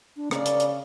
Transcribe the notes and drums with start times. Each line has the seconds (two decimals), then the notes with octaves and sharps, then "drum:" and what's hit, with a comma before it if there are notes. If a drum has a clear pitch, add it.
0.16 D4
0.31 C#3 A#4 D5, drum: rim click
0.45 drum: hi-hat
0.60 drum: hi-hat